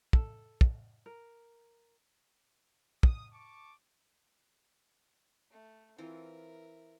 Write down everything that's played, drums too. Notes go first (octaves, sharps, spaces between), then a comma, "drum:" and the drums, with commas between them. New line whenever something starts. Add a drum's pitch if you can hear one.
A4, drum: kick
drum: kick
A#4
D#6, drum: kick
A5 C#6 D6
A3
E3 C4 F4 A#4 E5